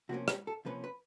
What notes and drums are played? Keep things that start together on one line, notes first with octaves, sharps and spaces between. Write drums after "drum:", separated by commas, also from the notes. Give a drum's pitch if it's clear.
C3 F3 A#3 C#4 F#4
G4, drum: rim click
A4
C3 F3 A#3 C#4 B4
B4